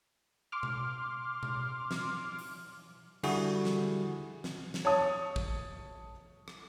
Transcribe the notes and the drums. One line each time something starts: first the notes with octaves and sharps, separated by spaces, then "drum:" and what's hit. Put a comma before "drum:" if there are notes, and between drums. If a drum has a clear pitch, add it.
C6 D6 F6
drum: tom B2
drum: tom B2
drum: snare
drum: open hi-hat
D3 G3 E4 F#4 G#4, drum: cymbal
drum: snare
drum: snare
drum: snare
C#5 A5 D#6
drum: kick
drum: rim click